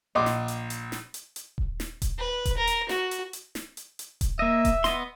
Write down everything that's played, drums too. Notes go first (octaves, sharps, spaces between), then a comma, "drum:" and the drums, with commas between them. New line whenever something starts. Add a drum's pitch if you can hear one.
A#1 D#5 C6 D6
drum: snare
drum: hi-hat
drum: hi-hat
drum: snare
drum: hi-hat
drum: hi-hat
drum: kick D#1
drum: snare
drum: kick D#1, hi-hat
B4
drum: kick D#1, hi-hat
A#4
drum: hi-hat
F#4, drum: snare
drum: hi-hat
drum: hi-hat
drum: snare
drum: hi-hat
drum: hi-hat
drum: kick D#1, hi-hat
A#3 D#5 E5
drum: kick D#1, hi-hat
B3 D#5 C6, drum: snare